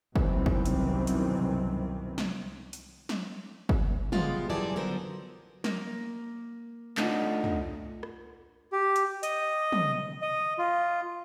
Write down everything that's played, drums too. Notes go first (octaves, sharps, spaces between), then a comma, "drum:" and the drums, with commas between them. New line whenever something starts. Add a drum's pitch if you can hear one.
C2 F#2 B2 D#3 E3 C4, drum: kick
drum: kick
drum: hi-hat
drum: hi-hat
drum: snare
drum: hi-hat
drum: snare
drum: kick
F3 G#3 B3 F4 G4, drum: tom
F#2 E3 G3 G#4 D5 A5
D3 F#3 B3 A#4 C5
A#3, drum: snare
A3 D4 D#4 F4 F#4, drum: clap
drum: tom
drum: rim click
G4
drum: hi-hat
D#5, drum: hi-hat
drum: tom
D#5
F4